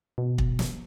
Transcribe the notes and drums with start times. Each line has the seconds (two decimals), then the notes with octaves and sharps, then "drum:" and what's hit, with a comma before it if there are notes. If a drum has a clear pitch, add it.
0.18 B2
0.38 drum: kick
0.59 drum: snare